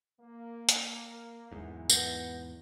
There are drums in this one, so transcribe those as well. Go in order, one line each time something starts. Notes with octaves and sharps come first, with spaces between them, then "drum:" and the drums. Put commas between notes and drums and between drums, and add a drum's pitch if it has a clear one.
A#3
drum: hi-hat
E2 G#2 E3 F#3
B3 G6 A#6, drum: tambourine